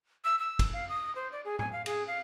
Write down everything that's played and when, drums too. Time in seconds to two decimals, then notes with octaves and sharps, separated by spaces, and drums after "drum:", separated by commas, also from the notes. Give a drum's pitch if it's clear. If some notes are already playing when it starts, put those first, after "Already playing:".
0.25 E6
0.39 E6
0.59 drum: kick, cymbal
0.73 F5
0.89 D#6
1.15 C5
1.32 D5
1.45 G#4
1.59 G#5, drum: tom A2
1.73 F5
1.86 G#4, drum: cymbal
2.07 F5